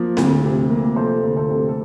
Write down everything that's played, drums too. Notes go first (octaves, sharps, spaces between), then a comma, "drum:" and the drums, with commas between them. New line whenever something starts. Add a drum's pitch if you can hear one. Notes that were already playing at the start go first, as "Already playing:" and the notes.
Already playing: F3 A#3
D2, drum: snare C4
C3
A#3
F3 A4 C5
D2
A4 C5
C3
A4